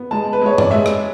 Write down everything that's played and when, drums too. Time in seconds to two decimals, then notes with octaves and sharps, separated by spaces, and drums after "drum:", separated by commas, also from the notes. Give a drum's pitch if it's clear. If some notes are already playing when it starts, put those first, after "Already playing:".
Already playing: B3
0.11 G#3 A5
0.33 B4
0.41 G#3 C#5
0.58 D5, drum: tom G2
0.71 G#3 E5
0.86 drum: rim click